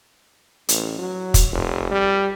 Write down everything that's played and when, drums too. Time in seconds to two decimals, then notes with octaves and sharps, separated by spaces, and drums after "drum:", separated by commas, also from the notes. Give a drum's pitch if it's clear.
0.69 A1, drum: hi-hat
0.98 F#3
1.34 drum: kick, hi-hat
1.51 F1
1.91 G3